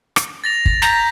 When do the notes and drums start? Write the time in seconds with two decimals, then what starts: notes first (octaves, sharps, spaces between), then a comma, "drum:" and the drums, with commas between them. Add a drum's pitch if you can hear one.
0.16 drum: rim click
0.44 A6 A#6 F7
0.66 drum: kick
0.82 A#5 G6 B6